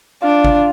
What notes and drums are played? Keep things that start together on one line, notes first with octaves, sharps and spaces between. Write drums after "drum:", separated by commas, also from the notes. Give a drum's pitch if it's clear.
D4 F4
drum: kick G1